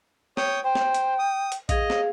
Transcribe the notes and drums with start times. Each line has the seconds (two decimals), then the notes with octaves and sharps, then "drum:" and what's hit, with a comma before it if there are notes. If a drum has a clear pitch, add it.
0.37 C#5 G5 D#6, drum: snare
0.64 C5 G5
0.75 drum: snare
0.94 drum: hi-hat
1.19 D#6
1.52 drum: hi-hat
1.69 G#4 D#5 F5, drum: kick A#1, hi-hat
1.90 drum: snare